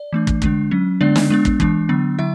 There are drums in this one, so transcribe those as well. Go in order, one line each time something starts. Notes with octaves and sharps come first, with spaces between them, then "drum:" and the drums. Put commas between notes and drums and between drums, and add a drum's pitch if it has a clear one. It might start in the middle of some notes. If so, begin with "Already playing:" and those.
Already playing: D5
E3 A3 D4
drum: kick
D3 G#3 D4, drum: kick
F#3 C#4
D3 G#3 B3 D4 D5
drum: snare
G#3 B3 D4
drum: kick
E3 G#3 D4, drum: kick
D3 F#3 B3 D4
D3 F#3 E4 E5